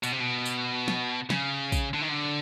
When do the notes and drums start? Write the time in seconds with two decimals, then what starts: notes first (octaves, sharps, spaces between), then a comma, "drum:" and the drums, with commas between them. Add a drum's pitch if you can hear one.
0.03 B2, drum: tambourine
0.12 C3
0.21 B2
0.46 drum: tambourine
0.88 drum: snare
1.30 C#3, drum: snare
1.72 drum: kick, tambourine
1.94 D3
2.01 D#3
2.09 D3